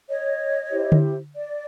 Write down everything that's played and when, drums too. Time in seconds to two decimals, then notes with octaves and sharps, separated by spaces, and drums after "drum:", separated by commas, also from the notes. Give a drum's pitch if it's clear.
0.09 C#5 D#5
0.72 E4 G4 C5
0.92 drum: tom D3
1.35 D5